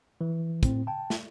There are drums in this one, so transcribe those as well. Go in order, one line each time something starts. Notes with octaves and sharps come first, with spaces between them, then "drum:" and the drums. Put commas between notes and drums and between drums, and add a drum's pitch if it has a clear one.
E3
A2 C4, drum: kick, hi-hat
G5 A5
drum: snare